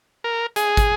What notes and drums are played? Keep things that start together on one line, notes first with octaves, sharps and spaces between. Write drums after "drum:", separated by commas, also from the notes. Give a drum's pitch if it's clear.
A#4
G#4, drum: hi-hat
drum: kick, hi-hat